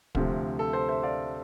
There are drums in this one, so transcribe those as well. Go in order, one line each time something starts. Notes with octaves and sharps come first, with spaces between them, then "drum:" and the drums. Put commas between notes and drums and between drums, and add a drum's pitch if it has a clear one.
D2 C3 F3 A3, drum: kick
A4
A4 C5
C5 E5
D5 F5